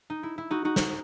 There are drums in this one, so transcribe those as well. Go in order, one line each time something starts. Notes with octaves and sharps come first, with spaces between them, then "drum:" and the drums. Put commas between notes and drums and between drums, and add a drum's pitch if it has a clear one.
D#4
E4
E4
D#4 F#4
D#4 F#4
drum: snare